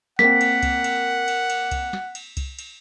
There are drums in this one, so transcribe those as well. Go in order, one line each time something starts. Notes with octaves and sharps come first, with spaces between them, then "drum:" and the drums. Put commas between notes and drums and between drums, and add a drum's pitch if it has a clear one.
A#3 C4 F#5 B6, drum: snare
drum: cymbal
drum: kick C2, cymbal
drum: cymbal
drum: cymbal
drum: cymbal
drum: kick C2, cymbal
drum: snare
drum: cymbal
drum: kick C2, cymbal
drum: cymbal